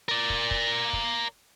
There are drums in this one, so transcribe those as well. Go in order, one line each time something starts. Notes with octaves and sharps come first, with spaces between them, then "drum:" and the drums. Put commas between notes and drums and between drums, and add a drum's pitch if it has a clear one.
A#4 D5
drum: kick
drum: kick
drum: kick